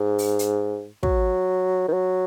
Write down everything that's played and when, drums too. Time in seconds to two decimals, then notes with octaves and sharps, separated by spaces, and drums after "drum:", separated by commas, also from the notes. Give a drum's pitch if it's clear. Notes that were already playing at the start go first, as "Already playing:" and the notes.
Already playing: G#2
0.18 drum: open hi-hat
0.39 drum: hi-hat
1.03 F#3, drum: kick
1.88 D#3
1.93 F#3